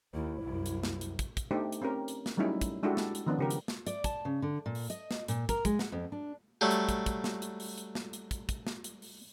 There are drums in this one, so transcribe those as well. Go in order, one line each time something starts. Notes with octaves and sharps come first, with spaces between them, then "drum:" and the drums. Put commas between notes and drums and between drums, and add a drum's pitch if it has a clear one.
D#2 E4
C2 F#2
drum: hi-hat
drum: snare
drum: hi-hat
drum: kick, hi-hat
drum: kick, hi-hat
A3 B3 D4 D#4 G4 C5
drum: hi-hat
C4 C#4 G4 A#4
drum: hi-hat
drum: snare
F#3 G3 A3 C#4 D#4 E4
drum: kick, hi-hat
G#3 D4 E4 F#4 G4 A4
drum: snare
drum: hi-hat
D#3 F3 B3 C#4 D4 F4
C#3 G4 A#4
drum: hi-hat
drum: snare
D5, drum: hi-hat
A5, drum: kick, hi-hat
C#3
D3
A#2
drum: open hi-hat
D#5, drum: hi-hat
drum: snare
A#2, drum: hi-hat
A#4, drum: kick, hi-hat
G#3, drum: kick, hi-hat
F#5, drum: snare
F2
D4
F#3 G3 A3
drum: hi-hat
drum: kick, hi-hat
drum: kick, hi-hat
drum: snare
drum: hi-hat
drum: open hi-hat
drum: hi-hat
drum: snare
drum: hi-hat
drum: kick, hi-hat
drum: kick, hi-hat
drum: snare
drum: hi-hat
drum: open hi-hat